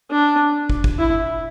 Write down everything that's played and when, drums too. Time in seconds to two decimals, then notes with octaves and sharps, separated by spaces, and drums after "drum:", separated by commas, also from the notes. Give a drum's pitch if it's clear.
0.11 D4
0.70 drum: kick
0.84 drum: kick
0.99 E4